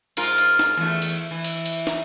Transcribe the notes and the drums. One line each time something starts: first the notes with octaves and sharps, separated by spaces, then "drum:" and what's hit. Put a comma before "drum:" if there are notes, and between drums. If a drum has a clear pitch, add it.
G#2 F4 A#4, drum: cymbal
drum: cymbal
drum: snare
E2 A3
drum: cymbal
E3
drum: cymbal
drum: cymbal
drum: snare